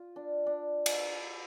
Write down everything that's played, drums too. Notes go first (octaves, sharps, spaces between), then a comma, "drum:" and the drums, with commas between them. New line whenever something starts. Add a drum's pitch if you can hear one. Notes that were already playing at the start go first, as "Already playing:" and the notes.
Already playing: F4
D4
D4
drum: cymbal